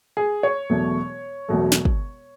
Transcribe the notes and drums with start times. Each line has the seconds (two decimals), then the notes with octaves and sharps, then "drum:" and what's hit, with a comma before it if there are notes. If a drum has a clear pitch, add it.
0.17 G#4
0.43 C#5
0.70 E1 E2 B2 F#3 A3
1.49 E1 E2 B2 F#3 A3
1.72 drum: snare
1.85 drum: kick